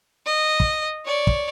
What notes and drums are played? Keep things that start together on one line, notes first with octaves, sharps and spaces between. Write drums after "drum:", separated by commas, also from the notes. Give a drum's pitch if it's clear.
D#5
drum: kick
C#5 D5
drum: kick